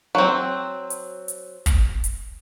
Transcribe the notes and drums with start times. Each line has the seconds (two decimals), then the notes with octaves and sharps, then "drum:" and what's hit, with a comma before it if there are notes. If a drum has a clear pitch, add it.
0.15 F#3 C4
0.90 drum: hi-hat
1.28 drum: hi-hat
1.66 drum: kick, hi-hat
2.04 drum: hi-hat